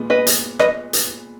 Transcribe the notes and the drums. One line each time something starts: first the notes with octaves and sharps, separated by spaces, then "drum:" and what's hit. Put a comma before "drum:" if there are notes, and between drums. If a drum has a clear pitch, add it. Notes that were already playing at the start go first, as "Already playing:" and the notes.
Already playing: A#2 G#3 B3
B4 D#5
drum: hi-hat
B4 D#5, drum: rim click
drum: hi-hat